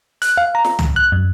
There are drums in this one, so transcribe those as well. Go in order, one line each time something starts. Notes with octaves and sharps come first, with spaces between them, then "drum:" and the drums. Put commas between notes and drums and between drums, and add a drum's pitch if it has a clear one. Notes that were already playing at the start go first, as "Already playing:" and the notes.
F#6, drum: hi-hat
F5
A#5
drum: snare
drum: tom
F#6
F#2